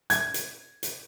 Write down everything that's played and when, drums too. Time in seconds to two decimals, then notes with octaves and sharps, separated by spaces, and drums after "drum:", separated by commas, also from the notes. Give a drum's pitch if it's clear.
0.10 G#6, drum: hi-hat
0.34 drum: hi-hat
0.83 drum: hi-hat